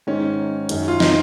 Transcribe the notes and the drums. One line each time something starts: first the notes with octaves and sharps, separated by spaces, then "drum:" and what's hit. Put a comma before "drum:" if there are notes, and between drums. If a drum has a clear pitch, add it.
G#2 D#3 C#4
F#2 D#3, drum: hi-hat
F4
D#4, drum: snare